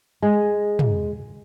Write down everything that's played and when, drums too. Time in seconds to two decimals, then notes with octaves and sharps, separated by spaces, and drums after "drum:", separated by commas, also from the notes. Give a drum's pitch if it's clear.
0.22 G#3
0.79 drum: tom